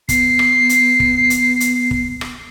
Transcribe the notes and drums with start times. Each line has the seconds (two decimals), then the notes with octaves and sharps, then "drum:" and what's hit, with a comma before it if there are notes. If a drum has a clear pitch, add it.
0.09 B3 C7, drum: kick, hi-hat
0.39 drum: rim click
0.69 drum: hi-hat
1.00 drum: kick
1.30 drum: hi-hat
1.60 drum: hi-hat
1.91 drum: kick
2.21 drum: rim click